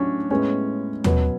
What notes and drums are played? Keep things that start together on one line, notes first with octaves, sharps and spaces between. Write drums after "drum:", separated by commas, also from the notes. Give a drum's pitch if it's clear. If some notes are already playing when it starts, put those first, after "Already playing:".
Already playing: A2 F#3 A3 C#4 D4
A2 G#3 B3 C#4
B2 F#3 B3, drum: tom D#2